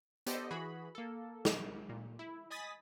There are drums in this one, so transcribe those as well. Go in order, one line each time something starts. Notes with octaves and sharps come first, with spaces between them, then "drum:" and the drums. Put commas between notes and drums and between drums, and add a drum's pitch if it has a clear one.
B3 G4 A4 C5 D5 D#5, drum: hi-hat
E3 F#4 G#4 B5
A#3 A4
drum: snare
A#2
E4
D#5 G#5 B5 D#6 A6 B6